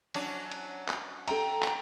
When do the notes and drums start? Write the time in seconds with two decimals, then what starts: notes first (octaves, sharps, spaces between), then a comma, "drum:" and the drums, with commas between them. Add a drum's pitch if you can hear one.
0.14 F#3 C#4 D4, drum: cymbal
0.51 drum: cymbal
0.89 drum: clap
1.28 A4 G5 A#5, drum: cymbal
1.63 drum: clap